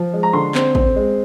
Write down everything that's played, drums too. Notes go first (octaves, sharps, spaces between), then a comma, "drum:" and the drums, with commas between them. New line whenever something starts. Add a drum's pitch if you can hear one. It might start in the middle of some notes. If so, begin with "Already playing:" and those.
Already playing: F3
G#3
A#5
D3 C6
C4, drum: clap
C4, drum: kick A1
G#3